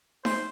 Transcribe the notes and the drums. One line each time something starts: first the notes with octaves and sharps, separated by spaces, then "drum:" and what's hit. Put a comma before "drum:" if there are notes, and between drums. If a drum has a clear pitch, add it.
C5, drum: snare D#4